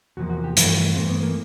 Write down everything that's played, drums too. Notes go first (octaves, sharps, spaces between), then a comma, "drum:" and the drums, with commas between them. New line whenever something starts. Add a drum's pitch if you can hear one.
E2 C3 F3 A#3 F#4
F#4
G4
G2 E3 A3 F#4, drum: hi-hat
G2 E3 A3 C4
B3
A#3